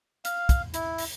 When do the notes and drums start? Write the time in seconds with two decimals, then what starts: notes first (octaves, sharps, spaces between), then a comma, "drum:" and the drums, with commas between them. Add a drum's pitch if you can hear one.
0.25 F5, drum: hi-hat
0.49 drum: kick, hi-hat
0.74 E4, drum: hi-hat
0.98 drum: open hi-hat